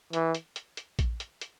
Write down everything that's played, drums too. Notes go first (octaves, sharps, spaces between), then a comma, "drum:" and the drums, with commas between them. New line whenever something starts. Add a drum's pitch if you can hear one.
E3, drum: hi-hat
drum: hi-hat
drum: hi-hat
drum: hi-hat
drum: kick A#1, hi-hat
drum: hi-hat
drum: hi-hat